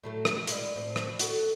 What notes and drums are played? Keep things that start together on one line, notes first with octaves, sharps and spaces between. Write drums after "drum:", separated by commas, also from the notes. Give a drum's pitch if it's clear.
A2 F#3 A3
drum: rim click
G#3
G3 G#3 E4, drum: hi-hat
A2 C4
drum: rim click
F#4 A4, drum: hi-hat